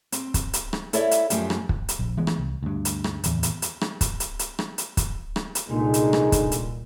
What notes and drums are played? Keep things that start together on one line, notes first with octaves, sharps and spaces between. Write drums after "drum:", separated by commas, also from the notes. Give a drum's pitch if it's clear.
C4, drum: hi-hat
drum: kick, hi-hat
drum: hi-hat
drum: rim click
E4 A4 C#5 D5 E5, drum: hi-hat
drum: hi-hat
F#2 F3 A3 G4, drum: hi-hat
drum: rim click
drum: kick
drum: hi-hat
A#1
E3 F3 G#3 B3
drum: rim click
C2
D2 G2
drum: hi-hat
drum: rim click
D1 E2, drum: hi-hat
drum: hi-hat
drum: hi-hat
drum: rim click
drum: kick, hi-hat
drum: hi-hat
drum: hi-hat
drum: rim click
drum: hi-hat
drum: kick, hi-hat
drum: rim click
drum: hi-hat
C2 A#2 D3 G#3 D#4
drum: hi-hat
drum: rim click
drum: kick, hi-hat
drum: hi-hat